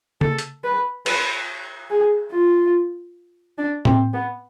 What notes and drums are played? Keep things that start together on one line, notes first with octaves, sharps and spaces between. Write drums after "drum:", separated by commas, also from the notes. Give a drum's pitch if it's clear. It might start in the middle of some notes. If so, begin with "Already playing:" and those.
A4, drum: tom C#3
drum: hi-hat
B4
B4, drum: cymbal
G#4
F4
D4
C4, drum: tom A2
B3